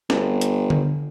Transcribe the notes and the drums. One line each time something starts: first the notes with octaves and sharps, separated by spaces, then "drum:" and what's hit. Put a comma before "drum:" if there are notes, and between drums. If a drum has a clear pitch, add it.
G1, drum: snare
drum: hi-hat
drum: tom D3